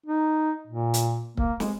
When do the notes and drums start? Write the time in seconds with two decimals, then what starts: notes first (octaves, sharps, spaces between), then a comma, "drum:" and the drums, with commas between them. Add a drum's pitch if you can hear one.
0.06 D#4
0.67 A#2
0.94 drum: hi-hat
1.37 A#3, drum: kick C#1
1.60 G#3, drum: snare